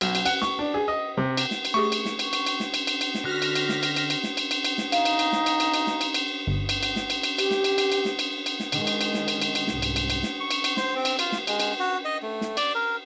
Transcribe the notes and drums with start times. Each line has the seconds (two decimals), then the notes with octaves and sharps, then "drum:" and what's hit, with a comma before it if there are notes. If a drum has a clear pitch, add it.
0.01 B1, drum: cymbal
0.15 drum: cymbal
0.26 F#5, drum: cymbal
0.42 C#6, drum: snare
0.59 D4
0.74 G#4
0.88 D#5
1.17 C3
1.37 drum: cymbal
1.51 drum: snare
1.65 drum: cymbal
1.74 A3 G4 G#4 C#6
1.92 drum: cymbal
2.06 drum: snare
2.19 drum: cymbal
2.33 drum: cymbal
2.46 drum: cymbal
2.60 drum: snare
2.74 drum: cymbal
2.87 drum: cymbal
3.01 drum: cymbal
3.15 drum: snare
3.24 D3 F#4 F6 F#6 A#6 B6
3.42 drum: cymbal
3.55 drum: cymbal
3.69 drum: snare
3.83 drum: cymbal
3.96 drum: cymbal
4.10 drum: cymbal
4.24 drum: snare
4.37 drum: cymbal
4.51 drum: cymbal
4.65 drum: cymbal
4.78 drum: snare
4.92 D#4 F5, drum: cymbal
5.05 drum: cymbal
5.19 drum: cymbal
5.33 drum: snare
5.46 drum: cymbal
5.60 drum: cymbal
5.74 drum: cymbal
5.87 drum: snare
6.01 drum: cymbal
6.14 drum: cymbal
6.47 G1
6.69 drum: cymbal
6.83 drum: cymbal
6.96 drum: snare
7.10 drum: cymbal
7.23 drum: cymbal
7.39 G4, drum: cymbal
7.51 drum: snare
7.64 drum: cymbal
7.78 drum: cymbal
7.92 drum: cymbal
8.05 drum: snare
8.19 drum: cymbal
8.46 drum: cymbal
8.60 drum: snare
8.72 D#3 G#3, drum: cymbal
8.87 drum: cymbal
9.01 drum: cymbal
9.14 drum: snare
9.28 drum: cymbal
9.42 drum: cymbal
9.55 drum: cymbal
9.67 C2 G#2, drum: snare
9.82 drum: cymbal
9.96 drum: cymbal
10.10 drum: cymbal
10.23 drum: snare
10.40 C#6
10.51 drum: cymbal
10.64 drum: cymbal
10.77 C5, drum: snare
10.95 C4
11.05 drum: cymbal
11.19 F4, drum: cymbal
11.32 drum: snare
11.47 G#3, drum: cymbal
11.60 drum: cymbal
11.79 F#4
12.05 D#5
12.23 A3
12.41 drum: snare
12.57 D5, drum: cymbal
12.75 A#4